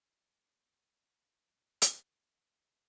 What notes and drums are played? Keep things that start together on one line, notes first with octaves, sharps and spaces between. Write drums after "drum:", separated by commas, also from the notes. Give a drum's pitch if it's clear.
F#2 C3 A3 A#3 C5 D6
drum: hi-hat